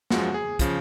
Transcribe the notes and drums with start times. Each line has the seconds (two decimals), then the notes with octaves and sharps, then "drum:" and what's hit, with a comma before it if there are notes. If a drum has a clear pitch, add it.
0.10 F#2 F3 G#3 F#4, drum: snare
0.34 G#4
0.59 C#3 F3, drum: kick, hi-hat